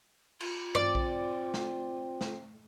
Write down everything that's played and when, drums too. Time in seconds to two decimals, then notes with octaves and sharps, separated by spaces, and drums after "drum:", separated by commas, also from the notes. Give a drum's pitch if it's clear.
0.40 F4, drum: cymbal
0.75 C4 D5, drum: tom G2
0.95 drum: kick A#1
1.54 drum: snare
2.21 drum: snare